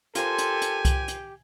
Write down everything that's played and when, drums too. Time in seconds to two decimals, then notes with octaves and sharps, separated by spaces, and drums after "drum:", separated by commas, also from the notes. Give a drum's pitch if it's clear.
0.15 F4 G4 A4 A#4 C5 G#5, drum: hi-hat
0.38 drum: hi-hat
0.62 drum: hi-hat
0.85 drum: kick C2, hi-hat
1.08 drum: hi-hat